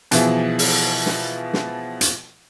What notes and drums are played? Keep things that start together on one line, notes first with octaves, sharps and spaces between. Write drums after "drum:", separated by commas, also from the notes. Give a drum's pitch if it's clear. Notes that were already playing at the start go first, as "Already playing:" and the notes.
B2 E3 F3 B3 E4 G#4, drum: hi-hat
drum: open hi-hat
drum: snare
drum: snare
drum: hi-hat